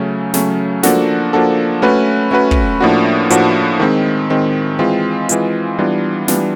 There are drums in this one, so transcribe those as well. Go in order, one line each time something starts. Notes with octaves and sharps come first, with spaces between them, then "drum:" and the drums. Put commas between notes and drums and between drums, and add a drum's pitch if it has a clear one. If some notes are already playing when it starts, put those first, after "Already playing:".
Already playing: C#3 F#3 A3 C#4
C#3 F#3 A3 C#4, drum: snare
F3 A#3 D4 F#4 A4, drum: snare
F3 A#3 D4 F#4 A4
A3 C#4 F#4 B4
A3 C#4 F#4 B4
drum: kick
A2 F3 A#3 D4 F#4
A2 F3 A#3 D4 F#4, drum: hi-hat
D#3 G#3 C4
D#3 G#3 C4
E3 G#3 C4 F4
E3 G#3 C4 F4, drum: hi-hat
E3 G3 B3 D4 F4
E3 G3 B3 D4 F4, drum: snare